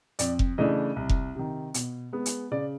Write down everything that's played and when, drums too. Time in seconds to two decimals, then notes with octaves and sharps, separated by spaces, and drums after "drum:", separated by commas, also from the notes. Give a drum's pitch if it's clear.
0.19 F2 D5, drum: hi-hat
0.39 drum: kick F1
0.58 C#3 E3 A3 D4 D#5
0.96 C2
1.09 drum: kick F1
1.35 C3 D#3
1.74 B2, drum: hi-hat
2.13 G#3 B3
2.26 drum: hi-hat
2.51 C#3 D5